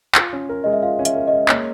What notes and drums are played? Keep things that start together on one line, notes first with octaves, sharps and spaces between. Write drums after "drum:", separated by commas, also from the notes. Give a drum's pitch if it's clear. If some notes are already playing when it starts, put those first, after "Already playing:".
F4, drum: clap
C#4
A#4
G#3 D#5
E5
F4 F5
C#4
E5, drum: hi-hat
A#4
G#3 D#5
A#3 C#5, drum: clap